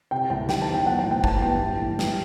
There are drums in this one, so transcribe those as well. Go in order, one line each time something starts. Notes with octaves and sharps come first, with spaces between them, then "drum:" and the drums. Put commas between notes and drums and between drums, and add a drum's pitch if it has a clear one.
C3 G5
C2 G5
D#3 G5, drum: snare
A5
E2
G5
F#3 F#5
G5
A2
G5
E3 A5, drum: kick
G2 G5
E3
A2
G3, drum: snare